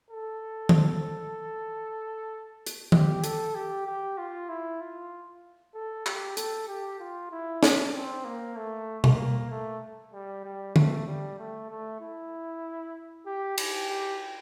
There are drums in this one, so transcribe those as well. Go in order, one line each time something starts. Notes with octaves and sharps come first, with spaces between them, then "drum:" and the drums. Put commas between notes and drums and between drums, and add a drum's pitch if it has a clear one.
A4
drum: tom D#3
drum: hi-hat
G4, drum: tom D#3
A4, drum: hi-hat
G4
G4
F4
E4
F4
A4
G4, drum: clap
A4, drum: hi-hat
G4
F4
E4
D4, drum: snare
C4
A#3
A3
A#3, drum: tom B2
A3
G3
G3
A3, drum: tom D3
G3
A3
A3
E4
G4
G4, drum: cymbal
G4